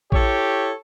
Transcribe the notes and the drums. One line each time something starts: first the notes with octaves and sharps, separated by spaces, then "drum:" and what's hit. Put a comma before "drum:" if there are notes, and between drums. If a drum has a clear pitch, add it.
E4 G4 A4 C#5, drum: kick A1